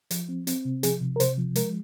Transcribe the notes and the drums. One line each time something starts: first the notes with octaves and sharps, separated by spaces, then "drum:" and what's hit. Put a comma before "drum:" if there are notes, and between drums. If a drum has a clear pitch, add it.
F3, drum: hi-hat
C4
C4, drum: hi-hat
C3
F3 G#4, drum: hi-hat
C3
A#4
C3 C5, drum: hi-hat
F3
G#3 A#4, drum: hi-hat